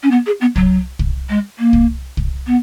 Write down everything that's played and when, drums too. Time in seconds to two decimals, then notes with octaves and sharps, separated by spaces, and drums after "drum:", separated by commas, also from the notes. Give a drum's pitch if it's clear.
0.03 C#4
0.11 B3
0.26 G#4
0.41 B3
0.56 F#3, drum: kick
0.99 drum: kick
1.29 G#3
1.59 A#3
1.73 drum: kick
2.17 drum: kick
2.47 B3